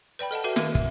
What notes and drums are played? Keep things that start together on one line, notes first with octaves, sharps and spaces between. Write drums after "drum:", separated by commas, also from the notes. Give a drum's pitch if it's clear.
B4 D5 G5 B5
A4 D#5 F#5 A5
F#4 A4 B4 E5
D#3 A#3, drum: snare
E5, drum: kick